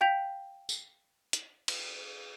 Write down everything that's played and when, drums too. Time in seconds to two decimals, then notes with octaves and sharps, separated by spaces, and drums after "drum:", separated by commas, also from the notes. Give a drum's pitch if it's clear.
0.01 F5 G5 G6 B6 F7
0.69 drum: tambourine
1.33 drum: hi-hat
1.68 drum: cymbal